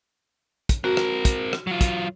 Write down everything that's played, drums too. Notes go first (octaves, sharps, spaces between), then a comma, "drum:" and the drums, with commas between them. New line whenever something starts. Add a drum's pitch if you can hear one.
drum: kick, hi-hat
C4 F#4 A#4
drum: rim click
drum: kick, hi-hat
drum: rim click
F#3 F4
drum: kick, hi-hat